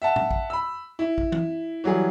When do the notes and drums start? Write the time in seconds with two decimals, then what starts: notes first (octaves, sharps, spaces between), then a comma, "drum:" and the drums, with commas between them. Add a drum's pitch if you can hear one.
0.02 E5 F#5 A5
0.16 drum: tom A2
0.31 drum: kick A1
0.50 B5 E6
0.99 E4
1.18 drum: kick A1
1.32 drum: tom E3
1.84 E3 F#3 G3 G#4